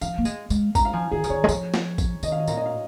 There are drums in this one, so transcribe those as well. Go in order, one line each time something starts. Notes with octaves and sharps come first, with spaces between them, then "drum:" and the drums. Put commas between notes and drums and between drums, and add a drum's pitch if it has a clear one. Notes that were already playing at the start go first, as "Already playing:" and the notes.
F3 F5, drum: tambourine
A#3
G#3, drum: tambourine
G#3, drum: tambourine
G#3 A#5, drum: kick, tambourine
F5
F3 G#5
D#3 G#4
C#3, drum: tambourine
D#3 C#5
G#3
F3, drum: tambourine
drum: snare
drum: kick, tambourine
D#3 D#5, drum: tambourine
F5
D#5
A#2 F5, drum: tambourine
D#5
F5